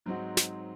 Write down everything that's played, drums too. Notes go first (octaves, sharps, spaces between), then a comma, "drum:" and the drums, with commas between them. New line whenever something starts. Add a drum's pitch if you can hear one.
G#2 F#3 C4 D#4 F#4
drum: snare